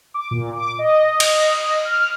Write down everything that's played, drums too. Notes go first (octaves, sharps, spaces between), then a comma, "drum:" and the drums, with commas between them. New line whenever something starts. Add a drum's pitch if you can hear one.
D6
A#2
D6
D#5
drum: cymbal
F6